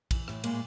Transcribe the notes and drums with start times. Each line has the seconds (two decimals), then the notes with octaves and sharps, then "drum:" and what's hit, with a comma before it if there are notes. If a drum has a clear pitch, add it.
0.11 E3, drum: kick A#1, cymbal
0.28 A2, drum: rim click
0.44 A#2 G#3 A#3, drum: cymbal